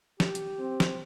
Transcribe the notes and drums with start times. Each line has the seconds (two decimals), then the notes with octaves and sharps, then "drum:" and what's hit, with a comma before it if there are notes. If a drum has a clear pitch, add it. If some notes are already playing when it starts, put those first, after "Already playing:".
0.20 G4, drum: snare
0.35 drum: hi-hat
0.59 C4
0.80 drum: snare